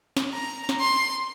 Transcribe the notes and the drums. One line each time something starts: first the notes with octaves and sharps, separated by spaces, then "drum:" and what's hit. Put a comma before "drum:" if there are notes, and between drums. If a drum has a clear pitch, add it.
drum: snare
A#5
drum: snare
C6